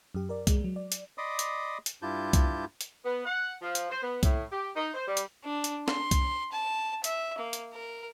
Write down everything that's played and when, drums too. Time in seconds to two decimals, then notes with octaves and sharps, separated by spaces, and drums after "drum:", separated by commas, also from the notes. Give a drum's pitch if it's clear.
0.14 F#2 G4
0.29 A#4 D5
0.47 G#3, drum: kick C2, hi-hat
0.64 F#3
0.76 D5
0.92 drum: hi-hat
1.18 D5 D#5 B5 C6 D6 D#6
1.39 drum: hi-hat
1.86 drum: hi-hat
2.02 G2 E4 F4 G4 A5 G6
2.33 drum: kick C2, hi-hat
2.81 drum: hi-hat
3.05 B3
3.25 F#5
3.62 F3
3.75 drum: hi-hat
3.90 C5
4.03 B3
4.23 A2, drum: kick C2, hi-hat
4.51 G4
4.75 D#4
4.94 C5
5.07 G3
5.17 drum: hi-hat
5.45 D4
5.64 drum: hi-hat
5.88 C6, drum: snare
6.11 drum: kick C2, hi-hat
6.52 A5
7.04 E5, drum: hi-hat
7.38 A#3
7.53 drum: hi-hat
7.73 A#4